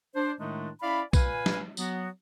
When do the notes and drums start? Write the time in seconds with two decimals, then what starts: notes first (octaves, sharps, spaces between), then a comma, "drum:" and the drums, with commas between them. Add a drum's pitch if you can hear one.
0.16 D4 C5
0.40 A2 D#3 G#3 A3 D4 D#4
0.82 C#4 E4 D5 F5 B5
1.13 A#2 B4 F5 G#5, drum: kick B1, tambourine
1.46 drum: snare
1.77 F#3 B3 F#4, drum: tambourine